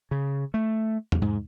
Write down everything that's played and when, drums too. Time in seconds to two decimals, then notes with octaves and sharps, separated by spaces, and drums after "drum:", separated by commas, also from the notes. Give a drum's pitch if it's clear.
0.11 C#3
0.54 A3
1.12 drum: tom E2
1.22 G#2